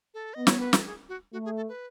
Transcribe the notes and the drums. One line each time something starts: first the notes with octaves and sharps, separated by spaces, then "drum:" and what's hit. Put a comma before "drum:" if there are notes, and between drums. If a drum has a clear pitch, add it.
A4
B3 D#5
C#5, drum: snare
B4
A4, drum: snare
G#4
F#4
A3 F#4
G#4
A4
B4